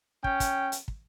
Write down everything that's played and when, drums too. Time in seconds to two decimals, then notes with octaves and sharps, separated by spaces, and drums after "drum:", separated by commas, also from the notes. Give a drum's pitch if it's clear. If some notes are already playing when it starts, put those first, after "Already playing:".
0.24 C#4 G5, drum: kick
0.40 drum: kick, hi-hat
0.72 drum: hi-hat
0.88 drum: kick